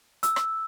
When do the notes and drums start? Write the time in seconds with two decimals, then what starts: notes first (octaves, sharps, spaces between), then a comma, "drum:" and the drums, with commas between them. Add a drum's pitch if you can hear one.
0.23 E6, drum: hi-hat
0.36 drum: rim click